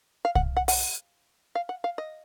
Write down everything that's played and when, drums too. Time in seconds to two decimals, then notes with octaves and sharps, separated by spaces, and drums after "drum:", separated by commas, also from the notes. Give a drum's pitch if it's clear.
0.25 F5
0.35 F#5, drum: kick C2
0.57 F#5
0.68 F#5, drum: open hi-hat
1.55 F5
1.69 F#5
1.84 F5
1.98 D#5